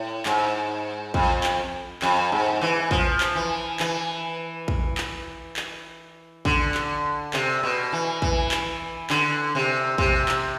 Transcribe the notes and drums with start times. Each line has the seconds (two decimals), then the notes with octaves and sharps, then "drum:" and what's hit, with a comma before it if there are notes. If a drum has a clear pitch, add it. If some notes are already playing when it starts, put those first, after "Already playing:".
Already playing: A2
0.26 G#2, drum: clap
1.14 F2, drum: kick
1.44 drum: clap
2.02 F2, drum: clap
2.32 G#2
2.61 E3
2.91 F3, drum: kick
3.21 drum: clap
3.35 E3
3.80 E3, drum: clap
4.68 drum: kick
4.97 drum: clap
5.56 drum: clap
6.45 D3, drum: kick
6.74 drum: clap
7.33 C3, drum: clap
7.63 B2
7.93 E3
8.22 E3, drum: kick
8.51 drum: clap
9.10 D3, drum: clap
9.55 C3
9.98 C3, drum: kick
10.28 drum: clap